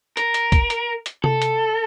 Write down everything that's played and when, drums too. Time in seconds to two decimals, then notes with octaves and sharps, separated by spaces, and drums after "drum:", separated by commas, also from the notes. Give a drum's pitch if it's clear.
0.17 A#4, drum: hi-hat
0.34 drum: hi-hat
0.52 drum: kick, hi-hat
0.70 drum: hi-hat
1.06 drum: hi-hat
1.24 A4, drum: tom C3
1.42 drum: hi-hat